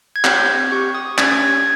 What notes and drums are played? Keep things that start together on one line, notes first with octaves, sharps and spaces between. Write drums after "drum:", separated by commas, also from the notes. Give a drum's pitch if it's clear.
G#6
C4 G6, drum: clap
G4 C#6
D#6
C#4 G#6, drum: clap
G#6